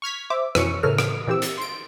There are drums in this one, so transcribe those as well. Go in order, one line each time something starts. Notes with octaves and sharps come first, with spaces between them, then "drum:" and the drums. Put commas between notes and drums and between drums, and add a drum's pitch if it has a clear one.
C#6 F6 G#6 B6
C5 E5 D6
F2 B2 E3 C#4 C#6 C#7, drum: rim click
A2 C#3 E3 A4 A#4 F6
drum: rim click
A#2 E3 C4 G4 E6
drum: hi-hat
C6 D7